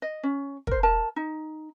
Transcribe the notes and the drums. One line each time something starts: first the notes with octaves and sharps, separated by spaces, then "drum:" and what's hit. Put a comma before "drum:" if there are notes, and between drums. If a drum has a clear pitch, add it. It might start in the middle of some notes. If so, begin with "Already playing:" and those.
D#5
C#4
A#4 C5, drum: kick
A#4 A5
D#4